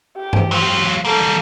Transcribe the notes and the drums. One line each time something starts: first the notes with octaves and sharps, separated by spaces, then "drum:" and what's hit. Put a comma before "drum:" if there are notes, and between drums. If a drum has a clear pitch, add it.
G4
drum: tom G2
F#3 F4
G3 A#3 A4